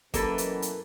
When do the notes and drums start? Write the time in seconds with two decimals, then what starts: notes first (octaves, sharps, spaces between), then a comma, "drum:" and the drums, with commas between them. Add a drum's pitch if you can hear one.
0.14 F#2 B2 E3 A#3 A4 B4, drum: kick, hi-hat
0.38 drum: hi-hat
0.62 drum: hi-hat